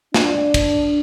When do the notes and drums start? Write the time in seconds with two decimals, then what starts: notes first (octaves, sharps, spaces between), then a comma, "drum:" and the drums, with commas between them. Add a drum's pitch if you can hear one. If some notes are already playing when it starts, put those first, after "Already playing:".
0.14 D4, drum: snare
0.54 drum: kick, cymbal